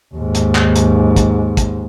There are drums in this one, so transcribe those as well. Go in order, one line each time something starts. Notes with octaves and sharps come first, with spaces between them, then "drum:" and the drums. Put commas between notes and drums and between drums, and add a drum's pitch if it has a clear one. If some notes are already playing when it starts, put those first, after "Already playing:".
D#2 G#2
drum: hi-hat
drum: clap
drum: hi-hat
drum: kick, hi-hat
drum: kick, hi-hat